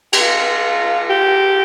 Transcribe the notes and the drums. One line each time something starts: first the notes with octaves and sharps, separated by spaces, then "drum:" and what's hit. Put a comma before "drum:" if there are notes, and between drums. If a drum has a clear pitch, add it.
G4, drum: cymbal
F4
G4